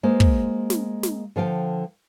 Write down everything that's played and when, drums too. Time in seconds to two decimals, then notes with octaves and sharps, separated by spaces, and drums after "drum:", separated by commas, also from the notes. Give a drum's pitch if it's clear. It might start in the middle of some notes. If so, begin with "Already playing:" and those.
0.03 G#3 A#3 C5
0.20 drum: kick
0.70 drum: snare
1.03 drum: snare
1.36 D3 F3 F5 G5